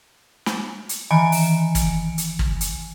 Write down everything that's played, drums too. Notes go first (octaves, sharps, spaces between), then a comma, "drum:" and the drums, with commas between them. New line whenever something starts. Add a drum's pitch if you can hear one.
drum: snare
drum: hi-hat
D#3 E3 G#5 C#7 D7
drum: open hi-hat
drum: kick, hi-hat
drum: hi-hat
drum: kick
drum: hi-hat